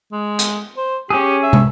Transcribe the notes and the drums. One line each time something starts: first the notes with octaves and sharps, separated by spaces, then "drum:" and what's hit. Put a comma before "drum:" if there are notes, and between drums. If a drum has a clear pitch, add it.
G#3
drum: hi-hat
C5
C#4 G4 G#4
E5
drum: tom